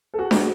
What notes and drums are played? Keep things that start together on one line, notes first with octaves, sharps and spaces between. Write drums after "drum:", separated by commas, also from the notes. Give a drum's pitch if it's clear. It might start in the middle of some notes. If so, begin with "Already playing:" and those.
A4
F#4 G#4
F#4, drum: snare D4